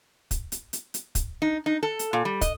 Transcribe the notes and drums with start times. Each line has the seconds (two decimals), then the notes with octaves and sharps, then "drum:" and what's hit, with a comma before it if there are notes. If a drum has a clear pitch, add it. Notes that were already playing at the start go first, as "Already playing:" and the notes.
0.31 drum: kick, hi-hat
0.52 drum: hi-hat
0.73 drum: hi-hat
0.94 drum: hi-hat
1.15 drum: kick, hi-hat
1.42 D#4
1.66 D#4
1.83 A4
1.99 drum: hi-hat
2.13 A#2
2.25 G3
2.41 D#5, drum: kick, hi-hat